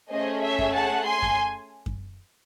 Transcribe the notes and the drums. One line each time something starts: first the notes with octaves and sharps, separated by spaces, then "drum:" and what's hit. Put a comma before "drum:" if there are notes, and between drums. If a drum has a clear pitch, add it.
A3 C#4 G#4 C5 D#5
C#5 E5
drum: kick F#2
F#5 A5
G#5 C6
drum: kick F#2
drum: kick F#2